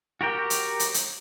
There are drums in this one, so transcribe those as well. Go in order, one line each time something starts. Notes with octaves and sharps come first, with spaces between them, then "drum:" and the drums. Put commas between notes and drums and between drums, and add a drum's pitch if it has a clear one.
F#4 G4 A#4 G5
drum: hi-hat
drum: hi-hat
drum: hi-hat